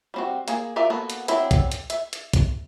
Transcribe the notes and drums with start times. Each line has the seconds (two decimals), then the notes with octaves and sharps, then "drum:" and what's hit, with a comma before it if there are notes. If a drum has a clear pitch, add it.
0.14 G3 C4 F#4
0.48 A#3 G#4, drum: hi-hat
0.76 F4 A#4 D5 E5
0.90 A#3 B3 F#4 A4
1.10 drum: hi-hat
1.28 F#3 C4 D4 E4, drum: hi-hat
1.51 drum: kick, hi-hat
1.72 drum: hi-hat
1.90 E5, drum: hi-hat
2.13 drum: hi-hat
2.33 drum: kick, hi-hat